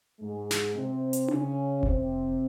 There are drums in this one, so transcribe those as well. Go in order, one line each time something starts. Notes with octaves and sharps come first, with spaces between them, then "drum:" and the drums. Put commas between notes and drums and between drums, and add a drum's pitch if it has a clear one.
G#2 G#3
drum: snare
C3 C4
drum: hi-hat
C#3 C#4, drum: tom D4
C3 C4, drum: kick F1